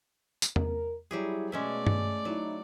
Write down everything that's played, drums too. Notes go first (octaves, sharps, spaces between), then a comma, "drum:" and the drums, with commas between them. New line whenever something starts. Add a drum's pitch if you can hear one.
drum: tambourine
A#4, drum: tom E2
F#3 G3 E4 G4 G#4
B2 G#3 A3 C#4 D5 E5
drum: tom G2
F#3 D#4 E4